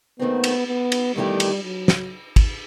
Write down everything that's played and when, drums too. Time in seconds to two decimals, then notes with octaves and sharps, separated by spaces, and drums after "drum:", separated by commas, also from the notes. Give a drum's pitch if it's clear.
0.19 D#2 D#3 A3 B3 C4 F#4
0.44 drum: cymbal
0.68 B3
0.92 drum: cymbal
1.15 E2 D#3 G3 A3 E4 G4
1.40 drum: cymbal
1.64 F#3
1.88 drum: snare
2.36 drum: kick, cymbal